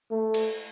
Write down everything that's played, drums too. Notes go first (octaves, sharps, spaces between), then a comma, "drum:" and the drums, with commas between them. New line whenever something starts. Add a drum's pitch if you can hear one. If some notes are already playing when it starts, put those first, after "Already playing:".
A3
drum: cymbal